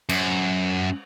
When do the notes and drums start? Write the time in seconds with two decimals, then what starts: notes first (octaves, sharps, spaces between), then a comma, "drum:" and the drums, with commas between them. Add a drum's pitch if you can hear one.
0.09 F#2, drum: cymbal